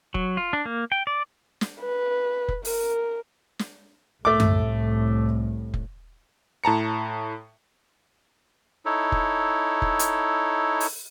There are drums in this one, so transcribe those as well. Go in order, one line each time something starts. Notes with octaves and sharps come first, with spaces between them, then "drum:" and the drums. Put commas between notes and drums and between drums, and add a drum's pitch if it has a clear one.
F#3, drum: kick F1
F4
D4
A#3
G5
D5
drum: snare
B4
drum: kick F1
A#4, drum: open hi-hat
drum: snare
C2 A2 A3 D6
drum: tom F#2
drum: kick F1
A2 A5 A#5 C#7
D#4 E4 A4 C#5
drum: kick F1
drum: kick F1
drum: hi-hat
drum: open hi-hat